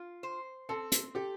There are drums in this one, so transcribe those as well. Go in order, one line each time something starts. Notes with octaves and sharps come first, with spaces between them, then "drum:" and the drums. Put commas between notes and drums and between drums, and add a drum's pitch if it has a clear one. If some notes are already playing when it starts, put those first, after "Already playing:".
Already playing: F4
C5
C4 A4
drum: hi-hat
G4 A4